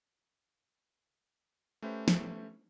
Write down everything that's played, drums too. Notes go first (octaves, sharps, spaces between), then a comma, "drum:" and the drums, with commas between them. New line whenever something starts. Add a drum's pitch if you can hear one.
A3 C#4 G4 B4 C5 E5
drum: snare